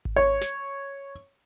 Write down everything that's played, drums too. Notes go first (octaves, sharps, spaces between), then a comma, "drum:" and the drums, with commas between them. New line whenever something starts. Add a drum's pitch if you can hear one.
drum: kick G#1
C#5
drum: snare